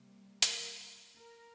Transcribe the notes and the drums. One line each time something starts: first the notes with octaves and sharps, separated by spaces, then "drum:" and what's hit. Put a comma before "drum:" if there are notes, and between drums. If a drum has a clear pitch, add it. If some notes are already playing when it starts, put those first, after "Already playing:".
Already playing: C3 G3 A#3
A#4, drum: hi-hat
A#4